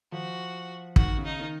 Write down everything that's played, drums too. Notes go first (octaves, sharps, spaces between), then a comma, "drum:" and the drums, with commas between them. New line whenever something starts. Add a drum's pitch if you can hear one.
F3 F#4
D#3 F#4, drum: kick
C#3
D#4
D#3